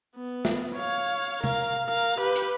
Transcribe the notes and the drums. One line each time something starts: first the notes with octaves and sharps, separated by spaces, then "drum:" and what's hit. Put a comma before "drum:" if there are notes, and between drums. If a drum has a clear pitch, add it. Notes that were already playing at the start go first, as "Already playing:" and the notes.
B3
drum: snare
C#5 F5
A#4 F5, drum: tom C3
A#4 F5
G4 B4
drum: hi-hat